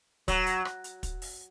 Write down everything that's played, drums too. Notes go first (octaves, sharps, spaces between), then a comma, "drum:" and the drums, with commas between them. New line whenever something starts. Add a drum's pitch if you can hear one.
F#3, drum: kick, hi-hat
drum: hi-hat
drum: rim click
drum: hi-hat
drum: kick, hi-hat
drum: open hi-hat